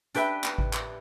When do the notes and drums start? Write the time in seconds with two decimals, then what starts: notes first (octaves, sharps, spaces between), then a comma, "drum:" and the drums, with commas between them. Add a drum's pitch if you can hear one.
0.15 D4 G4 B4 E5 G5 B5, drum: hi-hat
0.44 drum: clap
0.58 drum: kick G#1
0.73 drum: clap